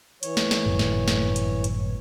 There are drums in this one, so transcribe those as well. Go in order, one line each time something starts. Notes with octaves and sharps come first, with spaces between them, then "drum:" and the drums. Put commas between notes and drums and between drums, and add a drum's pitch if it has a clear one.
E3 C#5, drum: hi-hat
drum: snare
drum: snare
G1 F#2 A2
drum: snare
drum: snare
drum: hi-hat
drum: hi-hat